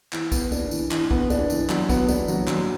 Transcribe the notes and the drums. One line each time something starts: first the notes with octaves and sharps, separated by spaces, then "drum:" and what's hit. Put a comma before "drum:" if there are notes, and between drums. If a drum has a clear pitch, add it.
E3, drum: clap
B3, drum: kick, tambourine
D4, drum: tambourine
E3, drum: tambourine
E3, drum: clap
B3, drum: kick
D4, drum: tambourine
E3, drum: tambourine
F#3, drum: clap
B3, drum: kick, tambourine
D4, drum: tambourine
F#3, drum: tambourine
F#3, drum: clap